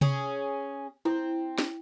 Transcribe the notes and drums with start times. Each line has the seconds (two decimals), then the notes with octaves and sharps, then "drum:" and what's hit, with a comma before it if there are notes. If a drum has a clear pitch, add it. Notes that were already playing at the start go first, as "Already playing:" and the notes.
0.01 C#4 G#4, drum: tom C3
1.05 C4 E4
1.58 drum: snare